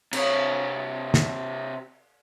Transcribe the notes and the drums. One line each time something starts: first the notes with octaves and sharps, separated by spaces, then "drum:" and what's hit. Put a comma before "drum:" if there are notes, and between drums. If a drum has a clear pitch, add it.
C3 C#5, drum: cymbal
drum: snare